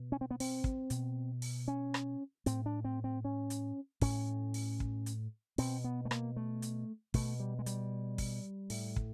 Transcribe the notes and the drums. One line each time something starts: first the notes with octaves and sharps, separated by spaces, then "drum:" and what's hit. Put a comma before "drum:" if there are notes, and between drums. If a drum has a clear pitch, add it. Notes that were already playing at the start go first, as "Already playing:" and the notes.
Already playing: B2
C#4
C4
B3
C4, drum: open hi-hat
drum: kick
B2, drum: hi-hat
drum: open hi-hat
C#4
drum: rim click
A2 C4, drum: hi-hat
D4
C4
C4
C#4
drum: hi-hat
A2 C#4, drum: kick, open hi-hat
drum: open hi-hat
drum: kick
drum: hi-hat
B2 C4, drum: open hi-hat
B3
A3
A#3, drum: rim click
A3
drum: hi-hat
B2 A3, drum: kick, open hi-hat
G3
G#3
G3, drum: hi-hat
drum: kick, open hi-hat
A2, drum: open hi-hat
drum: kick